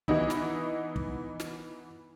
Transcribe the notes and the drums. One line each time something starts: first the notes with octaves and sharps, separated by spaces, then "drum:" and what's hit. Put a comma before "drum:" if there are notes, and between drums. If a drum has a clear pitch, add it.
E3 B3 D#4 E4, drum: kick
drum: snare
drum: kick
drum: snare